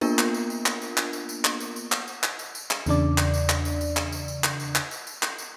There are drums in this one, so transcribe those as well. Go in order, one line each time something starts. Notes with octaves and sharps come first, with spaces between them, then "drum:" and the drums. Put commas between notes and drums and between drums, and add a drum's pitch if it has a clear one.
A#3 B3 D4 F4 A#4, drum: tambourine
drum: clap
drum: tambourine
drum: tambourine
drum: clap
drum: tambourine
drum: clap
drum: tambourine
drum: tambourine
drum: clap
drum: tambourine
drum: tambourine
drum: clap
drum: tambourine
drum: clap
drum: tambourine
drum: tambourine
drum: clap
E2 C#3 D4 D5, drum: tambourine
drum: clap
drum: tambourine
drum: clap
drum: tambourine
drum: tambourine
drum: clap
drum: tambourine
drum: tambourine
drum: clap
drum: tambourine
drum: clap
drum: tambourine
drum: tambourine
drum: clap
drum: tambourine